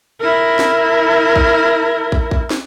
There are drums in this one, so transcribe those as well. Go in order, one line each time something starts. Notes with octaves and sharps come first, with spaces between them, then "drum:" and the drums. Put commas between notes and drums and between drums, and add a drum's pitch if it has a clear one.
E4 A#4
drum: snare
drum: kick
drum: kick
drum: kick
drum: snare